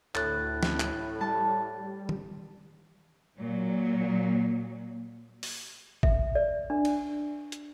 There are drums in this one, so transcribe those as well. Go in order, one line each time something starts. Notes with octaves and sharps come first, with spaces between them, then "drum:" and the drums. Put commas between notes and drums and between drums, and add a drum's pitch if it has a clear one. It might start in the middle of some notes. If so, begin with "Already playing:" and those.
D2 A2 F#6 A6, drum: clap
drum: snare
drum: clap
G3 A5
drum: tom D#3
A#2 F#3
drum: open hi-hat
E5, drum: kick G#1
D5
D4
drum: cymbal
drum: hi-hat